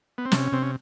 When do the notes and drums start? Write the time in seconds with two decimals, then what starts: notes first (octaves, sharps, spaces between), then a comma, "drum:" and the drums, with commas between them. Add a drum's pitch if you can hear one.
0.18 B3
0.25 C4
0.32 C3 C#4, drum: snare
0.52 C3 C4
0.62 C#4